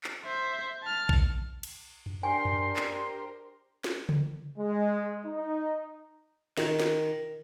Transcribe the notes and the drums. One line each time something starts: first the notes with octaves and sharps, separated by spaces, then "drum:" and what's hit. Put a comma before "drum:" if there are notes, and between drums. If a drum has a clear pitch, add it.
drum: clap
C5 E5
A5 F6
drum: kick A#1
drum: cymbal
drum: tom F#2
D4 G4 A#4 C5 G#5 C6
drum: tom F#2
drum: clap
drum: snare
drum: tom C#3
G#3
D#4
D#3, drum: snare
drum: snare